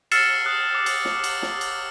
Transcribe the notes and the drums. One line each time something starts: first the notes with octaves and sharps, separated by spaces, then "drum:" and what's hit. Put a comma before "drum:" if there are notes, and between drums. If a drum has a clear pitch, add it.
E6 F6 A6 C7 C#7 E7, drum: cymbal
D#6 F#6
D6
drum: cymbal
drum: snare
drum: cymbal
drum: snare
drum: cymbal